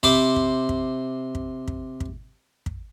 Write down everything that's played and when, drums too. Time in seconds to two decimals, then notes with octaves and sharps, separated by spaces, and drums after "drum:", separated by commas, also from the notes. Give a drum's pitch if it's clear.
0.03 C3 C5 B5 C6 D6, drum: kick
0.36 drum: kick
0.69 drum: kick
1.35 drum: kick
1.68 drum: kick
2.00 drum: kick
2.66 drum: kick